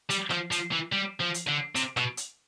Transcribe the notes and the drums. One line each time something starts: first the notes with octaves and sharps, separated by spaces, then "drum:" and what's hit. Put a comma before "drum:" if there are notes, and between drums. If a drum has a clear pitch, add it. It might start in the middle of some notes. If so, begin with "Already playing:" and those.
G3, drum: hi-hat
F3, drum: rim click
F3, drum: hi-hat
E3
G3
F3
drum: hi-hat
D3
C3, drum: hi-hat
B2, drum: rim click
drum: hi-hat